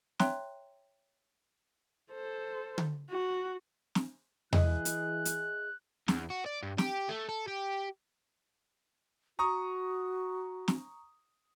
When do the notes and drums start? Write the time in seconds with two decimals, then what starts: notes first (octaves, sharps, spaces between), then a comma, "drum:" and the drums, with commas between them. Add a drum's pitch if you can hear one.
0.20 C#5 E5 G5 A#5 C6 F#6, drum: snare
2.12 A4 C5
2.78 drum: tom D3
3.11 F#4
3.95 drum: snare
4.53 E3 E4 G#4 D#5 F#6, drum: tom E2
4.85 drum: hi-hat
5.25 drum: hi-hat
6.08 E2, drum: snare
6.30 F#4
6.46 D5
6.63 G2
6.78 G4, drum: snare
7.09 A3
7.29 A4
7.48 G4
9.39 F#4 A#5 C#6 D#6
10.68 drum: snare